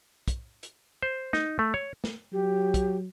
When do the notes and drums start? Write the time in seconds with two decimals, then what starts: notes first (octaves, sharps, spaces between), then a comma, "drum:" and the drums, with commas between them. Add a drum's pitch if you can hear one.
0.28 drum: kick, hi-hat
0.63 drum: hi-hat
1.02 C5
1.33 D#4, drum: snare
1.59 A3
1.74 C#5
2.04 drum: snare
2.32 F#3 G4
2.74 drum: kick, hi-hat